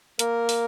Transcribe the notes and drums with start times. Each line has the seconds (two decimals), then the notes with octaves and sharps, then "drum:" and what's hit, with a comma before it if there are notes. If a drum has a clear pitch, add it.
0.19 A#3 A#4, drum: hi-hat
0.49 drum: open hi-hat